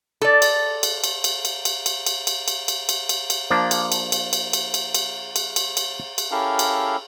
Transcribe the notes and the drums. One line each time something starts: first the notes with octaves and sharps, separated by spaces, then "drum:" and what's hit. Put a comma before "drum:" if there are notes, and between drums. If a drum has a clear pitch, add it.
A4 D5
drum: cymbal
drum: cymbal
drum: cymbal
drum: cymbal
drum: cymbal
drum: cymbal
drum: cymbal
drum: cymbal
drum: cymbal
drum: cymbal
drum: cymbal
drum: cymbal
drum: cymbal
drum: cymbal
F3 A#3 D4
drum: cymbal
drum: cymbal
drum: cymbal
drum: cymbal
drum: cymbal
drum: cymbal
drum: cymbal
drum: cymbal
drum: cymbal
drum: cymbal
drum: cymbal
C#4 E4 G4 A4 A#4 F5
drum: cymbal